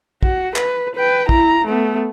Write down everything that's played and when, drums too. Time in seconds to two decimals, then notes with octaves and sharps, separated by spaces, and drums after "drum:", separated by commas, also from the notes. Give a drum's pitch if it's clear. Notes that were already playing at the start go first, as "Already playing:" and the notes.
0.23 F#4, drum: kick
0.56 B4, drum: clap
0.95 B4 G5
1.29 E4 A#5, drum: kick
1.66 A3 B3